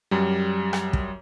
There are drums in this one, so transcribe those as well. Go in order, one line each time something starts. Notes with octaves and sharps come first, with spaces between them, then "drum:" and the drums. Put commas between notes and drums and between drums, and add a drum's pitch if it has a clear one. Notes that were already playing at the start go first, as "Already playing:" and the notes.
F#2 G3
drum: rim click
drum: kick